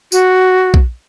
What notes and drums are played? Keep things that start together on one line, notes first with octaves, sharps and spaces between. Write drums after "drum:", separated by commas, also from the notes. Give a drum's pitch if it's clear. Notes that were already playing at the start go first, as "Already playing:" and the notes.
F#4, drum: tambourine
drum: kick